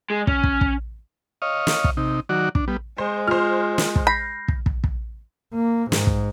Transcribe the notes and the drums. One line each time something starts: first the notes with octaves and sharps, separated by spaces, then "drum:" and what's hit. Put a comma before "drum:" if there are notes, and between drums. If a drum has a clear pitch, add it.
G#3
C#4, drum: kick
drum: kick
drum: kick
C#5 D#5 F5
drum: snare
drum: kick
C3 D#4
D#3 F#3 F#4 D5
D4, drum: kick
G3 B3
G#3 C5
F4 C5 F6
drum: snare
drum: kick
B5 G6 A#6 C7
drum: kick
drum: kick
drum: kick
A#3
G#2, drum: snare
drum: kick